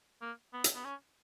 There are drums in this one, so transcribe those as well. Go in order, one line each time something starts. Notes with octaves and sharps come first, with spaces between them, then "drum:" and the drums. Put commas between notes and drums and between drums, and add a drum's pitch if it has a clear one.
A#3
B3
drum: hi-hat
B3
C#4